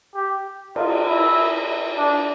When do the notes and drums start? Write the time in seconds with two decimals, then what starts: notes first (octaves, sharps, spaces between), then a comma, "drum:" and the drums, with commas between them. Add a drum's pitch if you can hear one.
0.15 G4
0.76 F4, drum: cymbal
1.07 E4
1.98 D4